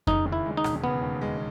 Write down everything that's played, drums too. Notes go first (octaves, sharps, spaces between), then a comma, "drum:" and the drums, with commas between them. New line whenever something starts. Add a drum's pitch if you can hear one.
C#3 D#4, drum: kick F2
D#2
E4
G#3
D#4
E1, drum: rim click
C#3 B3
D#2
G#3